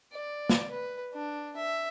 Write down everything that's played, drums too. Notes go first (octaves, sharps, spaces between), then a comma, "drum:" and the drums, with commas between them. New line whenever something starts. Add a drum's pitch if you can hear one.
D5
drum: snare
B4
D4
E5